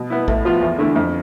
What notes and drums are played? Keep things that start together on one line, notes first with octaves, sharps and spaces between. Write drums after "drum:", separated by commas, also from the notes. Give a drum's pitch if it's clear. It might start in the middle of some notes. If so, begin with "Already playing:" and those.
Already playing: B2
B3 E4
A2, drum: kick
F3 B3 F4
E2
D3 A3 E4
F2